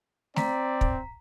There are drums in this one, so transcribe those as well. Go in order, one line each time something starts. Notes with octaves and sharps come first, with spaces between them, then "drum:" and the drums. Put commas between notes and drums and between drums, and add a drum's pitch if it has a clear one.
C4 D5 A#5 B6, drum: snare A3
drum: kick